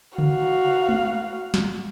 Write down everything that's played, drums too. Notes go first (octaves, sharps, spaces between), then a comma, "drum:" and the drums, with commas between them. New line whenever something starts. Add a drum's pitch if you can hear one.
F#4 F5, drum: tom C#3
drum: tom G#3
drum: snare